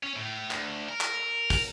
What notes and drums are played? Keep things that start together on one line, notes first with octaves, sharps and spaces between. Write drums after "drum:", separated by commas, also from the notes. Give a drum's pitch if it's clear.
C#4
A2
D2, drum: clap
A#4
drum: clap
drum: kick, open hi-hat